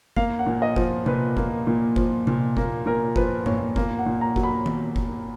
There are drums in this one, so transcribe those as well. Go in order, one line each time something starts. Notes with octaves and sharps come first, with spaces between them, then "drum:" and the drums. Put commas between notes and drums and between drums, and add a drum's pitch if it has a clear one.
A#3 F5, drum: kick F#1
F#5
A#2
D#5
F3, drum: kick F#1
A#2 B4, drum: tom C3
A#3, drum: kick F#1
A#2
F3, drum: kick F#1
A#2, drum: tom C3
A#3, drum: kick F#1
A#2 A#4
F3 B4, drum: kick F#1
A#2 C#5, drum: tom G2
A#3, drum: kick F#1
F#5
A#2
A#5
F#3, drum: kick F#1
B5
drum: tom D#3
drum: kick F#1